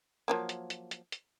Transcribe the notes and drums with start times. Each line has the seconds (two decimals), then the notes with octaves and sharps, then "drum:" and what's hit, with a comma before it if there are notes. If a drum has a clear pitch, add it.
0.28 F3 F#3 A#3
0.49 drum: hi-hat
0.70 drum: hi-hat
0.91 drum: hi-hat
1.12 drum: hi-hat